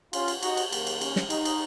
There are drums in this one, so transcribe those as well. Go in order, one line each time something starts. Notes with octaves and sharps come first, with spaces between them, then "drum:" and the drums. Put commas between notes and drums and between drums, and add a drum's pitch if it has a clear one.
C#4 F4, drum: cymbal
drum: cymbal
D#4 F#4, drum: cymbal
drum: cymbal
F#2 D#3 A#3, drum: cymbal
drum: cymbal
C#4, drum: cymbal
drum: snare
D#4, drum: cymbal
drum: cymbal